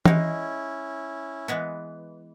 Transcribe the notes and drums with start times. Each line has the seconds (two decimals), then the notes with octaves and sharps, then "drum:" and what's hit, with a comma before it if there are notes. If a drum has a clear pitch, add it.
0.05 G#3 C#4 D#4 E4, drum: tom E3
1.48 E3 G#3 B3